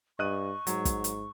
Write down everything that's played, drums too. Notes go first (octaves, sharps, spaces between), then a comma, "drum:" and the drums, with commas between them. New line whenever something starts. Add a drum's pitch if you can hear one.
G2 D#5 C#6 F#6 D#7
G#2 F#3, drum: hi-hat
drum: kick, hi-hat
drum: hi-hat